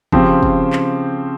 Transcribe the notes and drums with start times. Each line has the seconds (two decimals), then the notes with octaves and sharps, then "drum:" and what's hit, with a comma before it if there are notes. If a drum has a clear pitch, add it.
0.12 C#3 F3 C4 G4, drum: kick
0.43 drum: kick
0.73 drum: clap